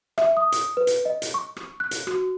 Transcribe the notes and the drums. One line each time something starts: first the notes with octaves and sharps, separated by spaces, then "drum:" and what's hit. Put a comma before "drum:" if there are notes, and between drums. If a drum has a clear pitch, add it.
E5, drum: rim click
D#6
drum: hi-hat
B4
drum: hi-hat
D#5
drum: hi-hat
C#6
drum: rim click
F#6
drum: hi-hat
F#4, drum: rim click